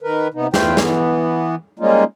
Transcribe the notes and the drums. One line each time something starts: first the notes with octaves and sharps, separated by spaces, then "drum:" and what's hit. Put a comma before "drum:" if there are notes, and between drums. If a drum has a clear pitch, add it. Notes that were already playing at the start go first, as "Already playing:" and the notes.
D#3 A#4 B4
C3 B3 D#4
E2 A3 F4 B4 C5 G5, drum: snare
E3 B3, drum: snare
G3 G#3 A#3 C#4 D#4 F4